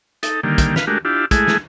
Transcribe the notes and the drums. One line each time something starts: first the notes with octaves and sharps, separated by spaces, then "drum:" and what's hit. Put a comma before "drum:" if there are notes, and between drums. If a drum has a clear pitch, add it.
D#4 A4, drum: hi-hat
D3 D#3 G3 A#3
drum: kick, hi-hat
B4 F5, drum: snare
G#3 A3 D4 F#4 G4 A#4
D4 E4 F4 G4
G#3 A3 E4 G#4, drum: kick, hi-hat
drum: snare